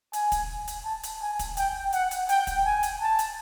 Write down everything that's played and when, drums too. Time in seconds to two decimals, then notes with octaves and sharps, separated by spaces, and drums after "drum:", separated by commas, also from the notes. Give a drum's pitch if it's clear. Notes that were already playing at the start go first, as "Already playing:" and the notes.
0.13 G#5, drum: hi-hat
0.32 drum: kick, hi-hat
0.68 drum: hi-hat
0.85 A5
1.04 drum: hi-hat
1.22 G#5
1.39 drum: kick, hi-hat
1.57 G5, drum: hi-hat
1.93 F#5, drum: hi-hat
2.11 drum: hi-hat
2.29 G5, drum: hi-hat
2.47 drum: kick, hi-hat
2.65 G#5
2.83 drum: hi-hat
3.01 A5
3.19 drum: hi-hat